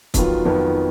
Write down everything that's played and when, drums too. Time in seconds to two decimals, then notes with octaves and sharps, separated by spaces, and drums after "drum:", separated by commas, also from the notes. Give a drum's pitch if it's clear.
0.14 F2 D#3 F#3 B3 F4, drum: kick, hi-hat
0.45 F2 D#3 F#3 B3 F4